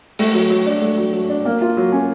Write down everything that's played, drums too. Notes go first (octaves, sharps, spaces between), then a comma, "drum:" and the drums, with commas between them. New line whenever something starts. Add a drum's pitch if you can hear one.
A3, drum: open hi-hat
F#3
F#3
D4
A3
F#3
F#3
D4
A#3
F4
F#3
C#4